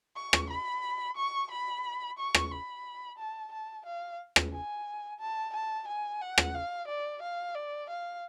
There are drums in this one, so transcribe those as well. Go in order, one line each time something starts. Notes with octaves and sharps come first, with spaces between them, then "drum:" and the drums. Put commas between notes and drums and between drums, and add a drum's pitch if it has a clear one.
C#6
drum: rim click
B5
C#6
B5
C#6
drum: rim click
B5
A5
A5
F5
drum: rim click
G#5
A5
A5
G#5
F#5
drum: rim click
F5
D5
F5
D5
F5